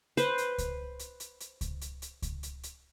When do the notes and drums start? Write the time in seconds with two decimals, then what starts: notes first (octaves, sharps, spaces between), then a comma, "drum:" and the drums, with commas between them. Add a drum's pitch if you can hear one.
0.17 B4 C5, drum: hi-hat
0.38 drum: hi-hat
0.58 drum: kick C#2, hi-hat
0.99 drum: hi-hat
1.20 drum: hi-hat
1.40 drum: hi-hat
1.61 drum: kick C#2, hi-hat
1.81 drum: hi-hat
2.02 drum: hi-hat
2.22 drum: kick C#2, hi-hat
2.43 drum: hi-hat
2.63 drum: hi-hat